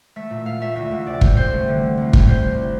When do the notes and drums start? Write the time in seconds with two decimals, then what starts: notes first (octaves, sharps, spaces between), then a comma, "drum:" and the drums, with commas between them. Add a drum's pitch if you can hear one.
0.16 A3 E5
0.30 A#2
0.45 A3 F5
0.61 A3 E5
0.76 D2 E5
0.91 D2
1.06 C3 D5
1.21 G3, drum: kick
1.37 C4 C5
1.53 A3
1.68 D3
1.83 D3
1.98 C2
2.13 G3, drum: kick
2.27 C2 C5
2.44 C2
2.58 C4